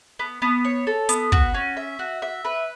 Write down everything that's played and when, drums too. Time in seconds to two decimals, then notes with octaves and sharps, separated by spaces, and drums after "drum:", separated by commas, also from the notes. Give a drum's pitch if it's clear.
0.19 B3
0.42 B3
0.65 C#5
0.87 A4
1.09 B3, drum: hi-hat
1.32 F#4, drum: kick
1.54 C#4
1.77 E5
1.99 F#4
2.22 E5
2.45 B4